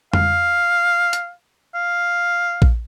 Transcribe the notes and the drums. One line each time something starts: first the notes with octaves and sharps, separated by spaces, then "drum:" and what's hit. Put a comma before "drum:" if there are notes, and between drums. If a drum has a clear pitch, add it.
F5, drum: tom F2
drum: hi-hat
F5
drum: kick A#1